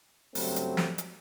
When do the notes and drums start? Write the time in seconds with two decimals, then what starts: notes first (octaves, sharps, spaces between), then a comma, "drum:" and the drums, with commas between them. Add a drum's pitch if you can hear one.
0.35 G2 C#3 F#3 G3 A3 C4, drum: open hi-hat
0.56 drum: hi-hat
0.77 drum: snare
0.98 drum: hi-hat